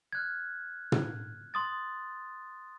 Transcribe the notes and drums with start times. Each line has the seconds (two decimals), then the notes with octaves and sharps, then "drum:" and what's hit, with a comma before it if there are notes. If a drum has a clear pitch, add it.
0.12 F6 F#6 G#6
0.92 drum: tom
1.54 C6 D#6 A6